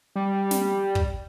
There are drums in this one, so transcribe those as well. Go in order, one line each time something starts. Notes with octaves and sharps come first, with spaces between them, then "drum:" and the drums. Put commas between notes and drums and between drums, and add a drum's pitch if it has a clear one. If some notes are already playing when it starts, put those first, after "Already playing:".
G3
drum: snare
drum: kick